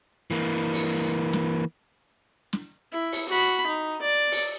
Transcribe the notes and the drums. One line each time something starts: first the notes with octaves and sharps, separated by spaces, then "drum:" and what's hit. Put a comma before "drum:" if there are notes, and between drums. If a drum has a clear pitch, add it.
E3 A#3
drum: open hi-hat
drum: snare
drum: snare
E4
drum: open hi-hat
F#4 B5
D#4
D5
drum: open hi-hat